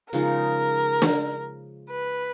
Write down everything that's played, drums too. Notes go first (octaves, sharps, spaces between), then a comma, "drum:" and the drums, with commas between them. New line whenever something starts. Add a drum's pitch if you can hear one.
C#3 F3 G#3 D#4 A#4
drum: snare
B4